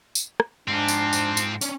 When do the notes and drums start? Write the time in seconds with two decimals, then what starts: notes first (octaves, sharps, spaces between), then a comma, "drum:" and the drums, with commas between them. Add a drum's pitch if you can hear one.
0.15 drum: tambourine
0.40 drum: rim click
0.68 G#2 F3 C4 D4
0.88 drum: tambourine
1.13 drum: tambourine
1.37 drum: tambourine
1.61 C#4 D4, drum: tambourine